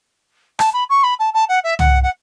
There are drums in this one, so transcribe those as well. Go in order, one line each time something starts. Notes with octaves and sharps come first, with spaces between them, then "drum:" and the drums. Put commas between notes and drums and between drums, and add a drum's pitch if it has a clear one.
A5, drum: rim click
B5
C#6
B5
A5
A5
F#5
E5
F#5, drum: tom
F#5